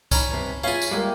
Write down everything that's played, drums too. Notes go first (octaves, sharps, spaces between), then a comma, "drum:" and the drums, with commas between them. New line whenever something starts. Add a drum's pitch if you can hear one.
D#3 C#4 A#5 B5, drum: kick C#2, tambourine
G2 C3
C#4 F4 G#4 E5 F5
drum: tambourine
G3 G#3 A#3 E5 G5